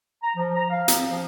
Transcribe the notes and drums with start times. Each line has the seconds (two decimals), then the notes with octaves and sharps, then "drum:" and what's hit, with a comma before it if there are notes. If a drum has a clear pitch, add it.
0.22 A#5
0.36 F3
0.56 A#5
0.70 F5
0.88 C4, drum: hi-hat
1.09 F3